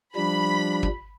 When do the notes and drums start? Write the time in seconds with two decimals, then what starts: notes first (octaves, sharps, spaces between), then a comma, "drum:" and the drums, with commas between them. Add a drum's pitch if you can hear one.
0.16 F3 G3 D4 B5
0.83 drum: kick